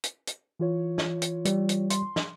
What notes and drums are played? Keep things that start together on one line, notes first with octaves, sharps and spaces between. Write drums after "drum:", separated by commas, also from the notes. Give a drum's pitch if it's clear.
drum: hi-hat
drum: hi-hat
E3 F4 C#5
drum: snare
drum: hi-hat
G3, drum: hi-hat
drum: hi-hat
C6, drum: hi-hat
drum: snare